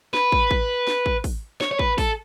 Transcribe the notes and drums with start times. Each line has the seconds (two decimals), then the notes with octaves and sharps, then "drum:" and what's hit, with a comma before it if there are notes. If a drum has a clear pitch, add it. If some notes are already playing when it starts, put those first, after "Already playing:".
0.14 B4, drum: snare
0.32 drum: kick
0.51 drum: kick
0.87 drum: snare
1.06 drum: kick
1.24 drum: kick, open hi-hat
1.61 C#5, drum: snare
1.71 C#5
1.79 B4, drum: kick
1.98 A4, drum: kick, open hi-hat